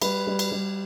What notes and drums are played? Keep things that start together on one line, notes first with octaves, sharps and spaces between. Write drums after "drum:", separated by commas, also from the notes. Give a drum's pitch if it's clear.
G3 B4, drum: cymbal
G3
drum: cymbal
G3